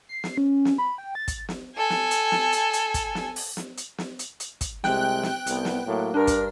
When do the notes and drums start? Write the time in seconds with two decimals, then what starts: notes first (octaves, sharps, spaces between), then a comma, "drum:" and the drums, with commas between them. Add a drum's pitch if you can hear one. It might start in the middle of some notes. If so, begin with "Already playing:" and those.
0.09 C7
0.24 drum: snare
0.38 C#4
0.65 drum: snare
0.78 B5
0.98 G5
1.15 A6
1.28 drum: kick, hi-hat
1.49 drum: snare
1.76 A4 G#5
1.90 drum: snare
2.11 drum: hi-hat
2.32 drum: snare
2.53 drum: hi-hat
2.73 drum: hi-hat
2.94 drum: kick, hi-hat
3.15 drum: snare
3.36 drum: open hi-hat
3.57 drum: snare
3.78 drum: hi-hat
3.98 drum: snare
4.19 drum: hi-hat
4.40 drum: hi-hat
4.61 drum: kick, hi-hat
4.84 C2 C3 G#3 G5 F#6, drum: snare
5.23 drum: snare
5.47 C2 B3, drum: hi-hat
5.65 drum: snare
5.86 A2 F#3 A#3
6.14 G2 D4 A#4
6.27 drum: kick, hi-hat